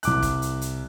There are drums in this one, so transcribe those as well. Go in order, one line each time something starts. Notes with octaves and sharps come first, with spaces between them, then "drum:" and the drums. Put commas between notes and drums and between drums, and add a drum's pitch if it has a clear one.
C2 D6 F#6, drum: hi-hat
drum: kick, hi-hat
drum: hi-hat
drum: hi-hat